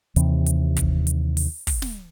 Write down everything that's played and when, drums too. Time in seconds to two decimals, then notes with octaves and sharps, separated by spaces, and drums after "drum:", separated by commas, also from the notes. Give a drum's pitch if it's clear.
0.16 D#2 C3 E3 C4, drum: hi-hat
0.46 drum: hi-hat
0.76 drum: kick, hi-hat
1.07 drum: hi-hat
1.37 drum: open hi-hat
1.67 drum: kick, open hi-hat
1.82 drum: snare